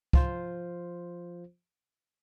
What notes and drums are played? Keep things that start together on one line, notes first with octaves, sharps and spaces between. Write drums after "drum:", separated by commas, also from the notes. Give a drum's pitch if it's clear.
F3 F4 C5, drum: kick